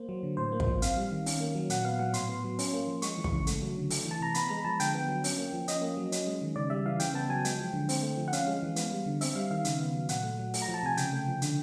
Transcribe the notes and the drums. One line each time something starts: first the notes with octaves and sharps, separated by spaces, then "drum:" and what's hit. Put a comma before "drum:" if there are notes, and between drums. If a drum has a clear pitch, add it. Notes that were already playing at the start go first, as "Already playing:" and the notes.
Already playing: A#3 C5
F#3
D3
A2 C5
A#3
C5, drum: kick
F3
C4 F5, drum: hi-hat
G3
D#3
C#4, drum: open hi-hat
A#3
F#3
A#2 F#5, drum: hi-hat
B3 F5
F#3 F#5
A2 C6, drum: hi-hat
B3
F#3
C#4, drum: open hi-hat
A#3
F3
G#3 C#6, drum: hi-hat
E3
C#6, drum: kick
C#3
A3, drum: hi-hat
F#3
D3
A3, drum: open hi-hat
E3
A5
C3 A#5
B3 B5, drum: hi-hat
G#3 A#5
F3 A5
D3 G5, drum: hi-hat
B3
F#3
C#4, drum: open hi-hat
A#3
F3
C#4 D#5, drum: hi-hat
A#3
F#3
C#4, drum: hi-hat
G#3
D#3
C#3 D5
G3 E5
E3 F5
C#3 G5, drum: hi-hat
B3 A5
F#3 G#5
G#3 G5, drum: hi-hat
F3
D3
C4, drum: open hi-hat
A3
F3
F#5
C#4 F5, drum: hi-hat
G#3
E3
B3, drum: hi-hat
G3
D3
C4 E5, drum: open hi-hat
G3 F5
D#3 F5
C#3, drum: hi-hat
B3
F#3
A#2 F#5, drum: hi-hat
A3
F#3
A3, drum: open hi-hat
A#5
F3
A5
C3 G#5
C#3 G5, drum: hi-hat
A3
F3
D3, drum: hi-hat